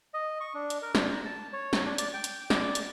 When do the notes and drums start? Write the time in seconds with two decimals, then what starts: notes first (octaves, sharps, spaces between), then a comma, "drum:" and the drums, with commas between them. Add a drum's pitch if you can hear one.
0.14 D#5
0.41 C#6
0.54 D4
0.70 drum: hi-hat
0.82 A#4
0.95 D4, drum: snare
1.10 A#5
1.25 A5
1.53 C#5
1.73 drum: snare
1.85 D4
1.98 D5, drum: hi-hat
2.14 G5
2.24 drum: hi-hat
2.50 D5, drum: snare
2.75 drum: hi-hat